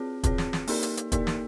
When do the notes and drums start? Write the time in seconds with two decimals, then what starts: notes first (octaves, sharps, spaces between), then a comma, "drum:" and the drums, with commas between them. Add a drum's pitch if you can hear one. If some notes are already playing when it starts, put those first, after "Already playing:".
Already playing: C4 F4 G#4 C#5
0.23 C4 F4 G#4 C#5, drum: kick, hi-hat
0.38 drum: snare
0.53 drum: snare
0.67 A#3 D#4 G4 A#4 D5, drum: open hi-hat
0.82 drum: hi-hat
0.97 drum: hi-hat
1.12 A#3 D#4 G4 A#4 D5, drum: kick, hi-hat
1.27 drum: snare